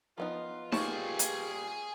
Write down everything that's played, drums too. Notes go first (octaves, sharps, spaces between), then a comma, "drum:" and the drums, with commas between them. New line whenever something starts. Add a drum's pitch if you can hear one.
F3 B3 D#4 F4
A#2 G3 F4 G#4 A5 C#6, drum: snare D#4
drum: hi-hat